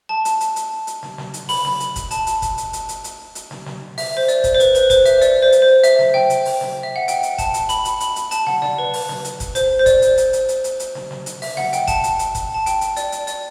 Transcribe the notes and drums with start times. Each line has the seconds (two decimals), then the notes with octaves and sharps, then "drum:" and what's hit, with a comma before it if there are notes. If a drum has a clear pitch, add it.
0.09 A5
0.25 drum: hi-hat
0.41 drum: hi-hat
0.56 drum: hi-hat
0.87 drum: hi-hat
1.03 drum: snare
1.18 drum: snare
1.34 drum: hi-hat
1.49 B5, drum: open hi-hat
1.65 drum: snare
1.80 drum: hi-hat
1.96 drum: kick F#1, hi-hat
2.11 A5, drum: hi-hat
2.27 drum: hi-hat
2.42 drum: kick F#1, hi-hat
2.58 drum: hi-hat
2.73 drum: hi-hat
2.89 drum: hi-hat
3.04 drum: hi-hat
3.35 drum: hi-hat
3.51 drum: snare
3.66 drum: snare
3.98 E5, drum: open hi-hat
4.17 C5
4.28 D5, drum: hi-hat
4.44 drum: kick F#1, hi-hat
4.55 C5
4.60 B4, drum: hi-hat
4.75 B4, drum: hi-hat
4.90 C5, drum: kick F#1, hi-hat
5.06 E5, drum: hi-hat
5.22 D5, drum: hi-hat
5.42 C5
5.52 drum: hi-hat
5.62 C5
5.84 E5, drum: hi-hat
5.99 drum: snare
6.14 G5, drum: snare
6.30 drum: hi-hat
6.45 drum: open hi-hat
6.61 drum: snare
6.83 E5
6.96 F#5
7.08 G5, drum: hi-hat
7.23 drum: hi-hat
7.38 A5, drum: kick F#1, hi-hat
7.54 drum: hi-hat
7.69 B5, drum: hi-hat
7.85 drum: hi-hat
8.00 B5, drum: hi-hat
8.16 drum: hi-hat
8.31 A5, drum: hi-hat
8.47 F#5, drum: snare
8.62 D5, drum: snare
8.78 B4
8.93 drum: open hi-hat
9.09 drum: snare
9.25 drum: hi-hat
9.40 drum: kick F#1, hi-hat
9.55 C5, drum: hi-hat
9.79 C5
9.86 D5, drum: kick F#1, hi-hat
10.02 drum: hi-hat
10.18 drum: hi-hat
10.33 drum: hi-hat
10.49 drum: hi-hat
10.64 drum: hi-hat
10.80 drum: hi-hat
10.95 drum: snare
11.11 drum: snare
11.26 drum: hi-hat
11.42 E5, drum: open hi-hat
11.57 F#5, drum: snare
11.73 G5, drum: hi-hat
11.88 A5, drum: kick F#1, hi-hat
12.04 drum: hi-hat
12.19 drum: hi-hat
12.35 drum: kick F#1, hi-hat
12.54 A5
12.66 G5, drum: hi-hat
12.81 drum: hi-hat
12.97 D5, drum: hi-hat
13.12 drum: hi-hat
13.27 D5, drum: hi-hat